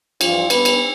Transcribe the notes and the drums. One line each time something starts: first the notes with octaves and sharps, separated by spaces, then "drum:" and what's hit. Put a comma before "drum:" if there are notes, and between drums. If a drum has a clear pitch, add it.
G2 E3 F3 G3 F4, drum: cymbal
A#2 G3 B3 B4, drum: cymbal
drum: cymbal